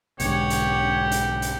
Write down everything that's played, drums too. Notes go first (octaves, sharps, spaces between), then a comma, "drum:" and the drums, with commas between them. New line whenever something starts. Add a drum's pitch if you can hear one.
B1 G#2 D3 G4 C#5 F#5, drum: hi-hat
drum: hi-hat
drum: hi-hat
drum: hi-hat